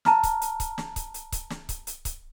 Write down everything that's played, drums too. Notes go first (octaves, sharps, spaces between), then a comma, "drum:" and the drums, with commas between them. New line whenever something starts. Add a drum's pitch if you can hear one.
A5 A#5 F6, drum: snare
drum: kick C#1, hi-hat
drum: hi-hat
drum: kick C#1, hi-hat
drum: snare
drum: kick C#1, hi-hat
drum: hi-hat
drum: kick C#1, hi-hat
drum: snare
drum: kick C#1, hi-hat
drum: hi-hat
drum: kick C#1, hi-hat